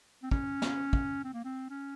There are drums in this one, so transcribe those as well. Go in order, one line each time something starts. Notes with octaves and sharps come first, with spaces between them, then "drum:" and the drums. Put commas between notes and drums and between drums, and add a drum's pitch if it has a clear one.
C4
C#4, drum: kick
drum: snare
drum: kick
C4
A#3
C4
C#4